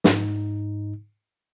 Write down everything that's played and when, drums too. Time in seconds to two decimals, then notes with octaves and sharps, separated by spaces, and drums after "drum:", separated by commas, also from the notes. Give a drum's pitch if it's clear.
0.04 G#2 D#4, drum: snare